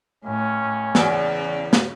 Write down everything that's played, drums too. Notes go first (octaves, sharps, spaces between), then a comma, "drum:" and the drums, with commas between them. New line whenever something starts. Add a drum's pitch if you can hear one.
D#2 A2 C#4
E2 C#3, drum: snare
drum: snare